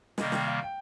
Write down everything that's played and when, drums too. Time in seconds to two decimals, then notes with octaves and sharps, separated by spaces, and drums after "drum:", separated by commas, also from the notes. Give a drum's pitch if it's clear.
0.18 C3 D#3 G3 A#3 D#5, drum: snare
0.32 G5, drum: snare
0.47 F5
0.63 G5